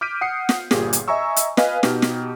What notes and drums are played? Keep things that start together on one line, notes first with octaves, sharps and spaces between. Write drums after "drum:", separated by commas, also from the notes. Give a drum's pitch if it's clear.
D6 F6 G6 B6 D7 D#7
F#5 D#6 C7 C#7
drum: snare
G1 A#2 G4 G#4, drum: snare
drum: hi-hat
D#5 E5 G#5 A#5 C#6 E6
drum: hi-hat
B4 D#5 F5 G#5 F6, drum: snare
B2 D#4 G4, drum: snare
drum: snare